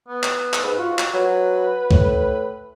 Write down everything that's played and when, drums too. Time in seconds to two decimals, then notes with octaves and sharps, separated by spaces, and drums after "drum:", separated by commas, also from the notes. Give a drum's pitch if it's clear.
0.08 B3
0.23 drum: clap
0.53 drum: clap
0.63 G#2 B4
0.78 F4 F#4
0.99 drum: clap
1.14 F#3 B4
1.91 A2, drum: kick C2